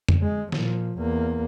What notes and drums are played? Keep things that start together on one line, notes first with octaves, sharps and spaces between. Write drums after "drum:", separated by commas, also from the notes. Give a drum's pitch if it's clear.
drum: tom F2
G#3
A#2 F3, drum: snare
E2 A#3